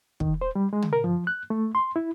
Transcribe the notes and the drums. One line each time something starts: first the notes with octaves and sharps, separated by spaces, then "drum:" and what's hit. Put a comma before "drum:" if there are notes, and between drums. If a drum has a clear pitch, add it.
D#3, drum: kick
C5
G3
G#3
drum: tom
A#4
F3
F#6
A3
C6
E4